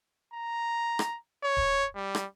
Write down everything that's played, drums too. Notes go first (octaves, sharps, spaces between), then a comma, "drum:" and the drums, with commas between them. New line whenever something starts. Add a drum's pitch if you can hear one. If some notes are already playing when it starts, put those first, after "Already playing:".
A#5
drum: rim click
C#5
drum: kick D1
G3
drum: rim click